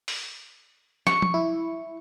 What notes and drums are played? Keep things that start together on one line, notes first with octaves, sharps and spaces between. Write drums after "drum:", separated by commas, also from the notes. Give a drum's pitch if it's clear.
drum: open hi-hat
C#6, drum: snare
drum: tom F3
E4